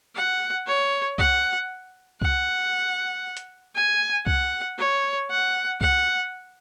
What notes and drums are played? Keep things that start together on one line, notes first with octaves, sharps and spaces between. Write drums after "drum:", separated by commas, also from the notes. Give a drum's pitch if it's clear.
F#5
C#5
F#5, drum: kick C2
F#5, drum: kick C2
drum: hi-hat
G#5
F#5, drum: kick C2
C#5
F#5
F#5, drum: kick C2